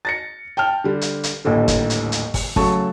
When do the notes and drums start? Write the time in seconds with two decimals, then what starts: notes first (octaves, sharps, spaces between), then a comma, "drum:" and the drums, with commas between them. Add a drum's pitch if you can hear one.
0.05 A6 A#6 C#7
0.57 G5 A5 F6
0.84 D3 G3
1.01 drum: hi-hat
1.24 drum: hi-hat
1.45 D#1 A1 D#2 A2 D3
1.68 drum: kick, hi-hat
1.90 drum: hi-hat
2.12 drum: hi-hat
2.34 drum: kick, open hi-hat
2.56 C#3 F#3 A3 A5 C#6, drum: kick